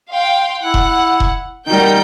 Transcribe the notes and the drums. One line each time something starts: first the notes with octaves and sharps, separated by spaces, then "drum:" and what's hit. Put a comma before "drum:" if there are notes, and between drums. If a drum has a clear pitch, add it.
F5 G5 C6
E4 F#5
drum: kick E1
drum: kick E1
G3 D#4 A#4 F#5 G5 G6